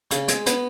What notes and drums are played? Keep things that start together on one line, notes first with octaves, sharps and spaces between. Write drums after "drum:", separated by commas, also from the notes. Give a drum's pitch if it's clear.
C#3, drum: hi-hat
G#3, drum: hi-hat
B3, drum: hi-hat